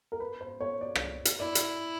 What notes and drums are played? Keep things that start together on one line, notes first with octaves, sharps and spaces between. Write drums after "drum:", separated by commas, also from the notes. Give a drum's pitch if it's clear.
A#4
B4
C5
C#5
D5
drum: rim click
drum: hi-hat
E4 D5
drum: hi-hat